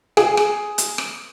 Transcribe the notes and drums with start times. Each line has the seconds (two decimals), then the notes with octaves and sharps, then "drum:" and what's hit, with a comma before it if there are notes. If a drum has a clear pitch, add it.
0.17 G#4, drum: rim click
0.37 drum: rim click
0.78 drum: hi-hat
0.98 drum: rim click